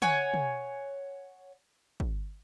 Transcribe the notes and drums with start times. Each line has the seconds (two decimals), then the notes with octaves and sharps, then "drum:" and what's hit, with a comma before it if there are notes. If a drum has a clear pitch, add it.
0.02 C#5 F#5 G#5, drum: tom
0.34 drum: tom
2.00 drum: kick